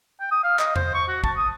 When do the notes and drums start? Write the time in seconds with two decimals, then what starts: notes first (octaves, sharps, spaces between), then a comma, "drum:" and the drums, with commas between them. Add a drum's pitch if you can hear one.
0.20 G5
0.31 D#6
0.43 F5
0.59 D#5, drum: clap
0.76 C5, drum: tom E2
0.94 C#6
1.08 F#4
1.24 A5, drum: kick
1.36 D#6